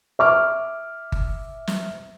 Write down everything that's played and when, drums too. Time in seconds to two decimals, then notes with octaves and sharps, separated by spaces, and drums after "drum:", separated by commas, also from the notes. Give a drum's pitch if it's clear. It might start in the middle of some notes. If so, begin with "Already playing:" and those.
0.19 E5 D6 F6
1.12 drum: kick G1
1.67 drum: snare